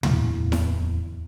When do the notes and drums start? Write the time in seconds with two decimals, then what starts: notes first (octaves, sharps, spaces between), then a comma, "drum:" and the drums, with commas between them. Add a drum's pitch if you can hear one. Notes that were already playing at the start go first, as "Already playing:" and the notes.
0.03 D1 E2 E3, drum: tom
0.52 drum: snare E4